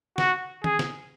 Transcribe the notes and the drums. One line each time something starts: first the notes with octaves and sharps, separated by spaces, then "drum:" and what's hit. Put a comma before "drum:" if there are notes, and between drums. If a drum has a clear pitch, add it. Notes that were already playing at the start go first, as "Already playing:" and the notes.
F#4, drum: snare
G#4, drum: tom D#3
drum: snare